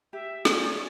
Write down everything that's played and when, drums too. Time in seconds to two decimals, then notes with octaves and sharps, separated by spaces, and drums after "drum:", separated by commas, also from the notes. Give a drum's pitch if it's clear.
0.13 G4 E5
0.45 C#5 D5 G#5, drum: snare